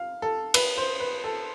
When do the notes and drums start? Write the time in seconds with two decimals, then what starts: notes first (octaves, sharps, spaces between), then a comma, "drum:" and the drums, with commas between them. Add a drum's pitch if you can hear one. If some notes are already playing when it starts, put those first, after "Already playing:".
Already playing: F5
0.22 A4
0.54 B4, drum: cymbal
0.78 C5
1.00 B4
1.24 A4